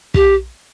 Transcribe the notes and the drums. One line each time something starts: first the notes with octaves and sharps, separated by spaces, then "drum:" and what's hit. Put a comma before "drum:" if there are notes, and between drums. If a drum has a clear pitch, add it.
G4, drum: kick